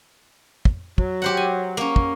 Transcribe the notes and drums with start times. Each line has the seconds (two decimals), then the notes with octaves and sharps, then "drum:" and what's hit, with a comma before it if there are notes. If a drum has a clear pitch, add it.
0.65 drum: kick
0.98 F#3, drum: kick
1.22 G4 C5 F#5
1.37 G#5
1.77 A#3 C#4
1.96 drum: kick